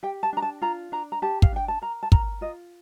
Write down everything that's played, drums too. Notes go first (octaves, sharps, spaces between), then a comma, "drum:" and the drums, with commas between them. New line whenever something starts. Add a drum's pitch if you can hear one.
G4 G5
A5
D4 A#5
A5
F4 A#5
D4 A#5
A#5
G4 A5
F5, drum: kick
D4 G5
A5
A#4 A#5
A5
A#4 A#5, drum: kick
F4 D#5